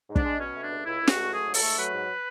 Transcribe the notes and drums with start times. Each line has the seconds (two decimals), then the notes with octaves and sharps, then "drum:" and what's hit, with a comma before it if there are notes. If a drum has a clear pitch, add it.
0.08 G#2
0.16 D4, drum: kick
0.23 G#3
0.38 B2 C#4
0.54 A3
0.62 D4
0.70 C#2
0.84 C#2 E4
1.01 C#2
1.07 F#4, drum: snare
1.15 A3
1.31 F#3 G#4
1.46 G#2
1.54 A4, drum: open hi-hat
1.62 A3
1.77 F#3 B4
1.92 G#2